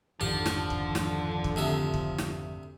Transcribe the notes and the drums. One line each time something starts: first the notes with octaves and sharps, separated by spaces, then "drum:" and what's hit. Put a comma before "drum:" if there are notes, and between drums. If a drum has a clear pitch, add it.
G#1 F2 D3 D#3 F3 G4
drum: snare
drum: kick
drum: snare
drum: kick
D2 C3 E5
drum: kick
drum: snare